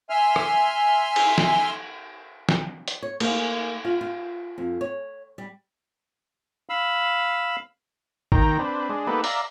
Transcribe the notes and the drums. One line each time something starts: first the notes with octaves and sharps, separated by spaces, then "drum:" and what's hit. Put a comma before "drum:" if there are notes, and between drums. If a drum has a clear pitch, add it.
E5 G#5 C6 F6
drum: rim click
drum: cymbal
drum: snare
drum: snare
drum: hi-hat
C#5
A#3, drum: cymbal
F4
F4
F2
C#5
G3
F5 B5 E6
D#2 D#3 G5 A#5, drum: kick
C4 D4 B4
G#3 D4
A#3 B3 D#4 G4 A4 B4
D5 E5 F5 A#5, drum: open hi-hat